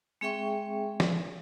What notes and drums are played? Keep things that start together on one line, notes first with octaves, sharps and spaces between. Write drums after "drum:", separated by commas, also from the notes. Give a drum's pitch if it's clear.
G#3 C4 G#4 E5 G5 C#6
drum: snare